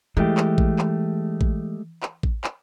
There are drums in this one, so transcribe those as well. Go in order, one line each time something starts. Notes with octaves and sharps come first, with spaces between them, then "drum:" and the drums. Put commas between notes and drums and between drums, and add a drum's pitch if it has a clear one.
E3 G#3 A3 G4
drum: clap
drum: kick A1
drum: clap
drum: kick A1
drum: clap
drum: kick A1
drum: clap